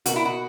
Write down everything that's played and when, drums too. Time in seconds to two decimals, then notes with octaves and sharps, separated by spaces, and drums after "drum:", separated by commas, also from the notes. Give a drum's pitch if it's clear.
0.06 B2 A#3 D#4 F#4, drum: hi-hat
0.16 E4
0.25 F#4